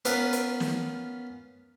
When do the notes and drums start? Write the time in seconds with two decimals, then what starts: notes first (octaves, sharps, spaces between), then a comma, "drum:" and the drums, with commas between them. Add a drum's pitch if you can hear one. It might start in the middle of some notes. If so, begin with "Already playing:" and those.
0.05 B3 C#4 F4 A#4 B4, drum: hi-hat
0.33 drum: hi-hat
0.60 drum: snare